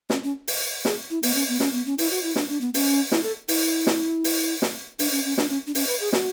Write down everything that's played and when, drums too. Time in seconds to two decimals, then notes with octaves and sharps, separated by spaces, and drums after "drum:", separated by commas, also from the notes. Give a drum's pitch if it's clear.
0.10 C#4, drum: snare
0.23 C#4
0.48 drum: open hi-hat
0.85 G#4, drum: snare
1.10 E4
1.23 B3, drum: open hi-hat
1.35 C#4
1.48 B3
1.60 C#4, drum: snare
1.73 B3
1.86 C#4
1.98 E4, drum: open hi-hat
2.11 F#4
2.23 E4
2.36 D4, drum: snare
2.49 D4
2.61 B3
2.74 C#4, drum: open hi-hat
3.12 E4, drum: snare
3.23 A4
3.48 E4, drum: open hi-hat
3.87 drum: snare
4.24 drum: open hi-hat
4.62 drum: snare
4.99 D4, drum: open hi-hat
5.12 C#4
5.25 C#4
5.38 D4, drum: snare
5.49 C#4
5.66 D4
5.75 C#4, drum: open hi-hat
5.87 B4
6.00 G#4
6.13 F#4, drum: snare